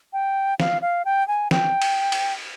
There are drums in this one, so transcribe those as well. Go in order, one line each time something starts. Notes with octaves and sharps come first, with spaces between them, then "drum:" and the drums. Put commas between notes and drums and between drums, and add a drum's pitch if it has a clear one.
G5
F5, drum: snare
F5
G5
G#5
G5, drum: snare
drum: cymbal
drum: cymbal